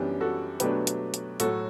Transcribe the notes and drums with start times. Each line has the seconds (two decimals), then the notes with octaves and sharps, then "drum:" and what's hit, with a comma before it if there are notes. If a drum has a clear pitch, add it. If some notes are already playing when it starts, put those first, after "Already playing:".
Already playing: F#2 E3 G3 B3 D4 G4
0.21 F#4 A4
0.60 B2 F#3 A3 D4 G4 B4, drum: hi-hat
0.87 drum: hi-hat
1.14 drum: hi-hat
1.40 A2 F#3 A3 F#4 A4, drum: hi-hat